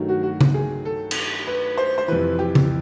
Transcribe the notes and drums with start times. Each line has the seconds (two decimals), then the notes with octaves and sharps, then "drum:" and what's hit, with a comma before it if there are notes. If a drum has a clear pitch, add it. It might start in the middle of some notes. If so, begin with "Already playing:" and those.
Already playing: G2 D#3 F#3 A3
0.09 F#4
0.23 F#4
0.41 drum: tom C#3
0.54 G#4
0.85 A4
1.11 drum: cymbal
1.47 B4
1.77 C5
1.98 C5
2.08 F2 C3 E3 B4
2.39 G4
2.55 drum: tom C#3